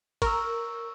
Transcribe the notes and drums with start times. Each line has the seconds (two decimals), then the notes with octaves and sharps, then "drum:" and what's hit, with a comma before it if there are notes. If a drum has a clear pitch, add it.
0.22 A#4 C#6 E6, drum: kick A1, cymbal